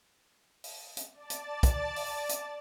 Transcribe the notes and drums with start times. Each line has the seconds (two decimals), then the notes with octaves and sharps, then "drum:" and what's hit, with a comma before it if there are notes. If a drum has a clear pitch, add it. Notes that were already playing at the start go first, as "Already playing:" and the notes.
0.64 drum: open hi-hat
0.97 drum: hi-hat
1.13 D5 A5 A6
1.30 drum: hi-hat
1.63 drum: kick, hi-hat
1.96 drum: open hi-hat
2.29 drum: hi-hat